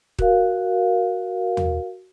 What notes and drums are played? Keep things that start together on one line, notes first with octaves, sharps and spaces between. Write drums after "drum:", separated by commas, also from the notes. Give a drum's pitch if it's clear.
F#4 A#4 F5, drum: kick
drum: tom